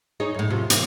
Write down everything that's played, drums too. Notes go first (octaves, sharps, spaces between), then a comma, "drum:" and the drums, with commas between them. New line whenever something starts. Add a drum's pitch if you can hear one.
D#4 G#4 C#5
F#2 A2
F#2 C3 F3
E3 A#3, drum: hi-hat